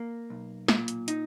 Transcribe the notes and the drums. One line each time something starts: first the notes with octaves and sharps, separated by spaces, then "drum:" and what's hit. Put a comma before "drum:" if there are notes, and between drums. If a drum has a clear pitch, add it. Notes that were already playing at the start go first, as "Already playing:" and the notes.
Already playing: A#3
B1
A#2, drum: snare
drum: hi-hat
D#4, drum: hi-hat